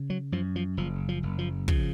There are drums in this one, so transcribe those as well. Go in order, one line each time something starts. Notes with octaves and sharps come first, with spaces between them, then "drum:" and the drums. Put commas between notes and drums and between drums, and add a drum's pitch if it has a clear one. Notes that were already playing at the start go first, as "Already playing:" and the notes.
Already playing: C#3
F#3
F#2 F3
F3
F#1 F3
F3
F#1
F3
C#3 F3, drum: kick